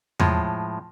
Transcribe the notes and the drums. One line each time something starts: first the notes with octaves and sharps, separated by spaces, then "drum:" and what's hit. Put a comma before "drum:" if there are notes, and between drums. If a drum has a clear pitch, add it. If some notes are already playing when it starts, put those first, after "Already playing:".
A2 F3 G#3, drum: tom E2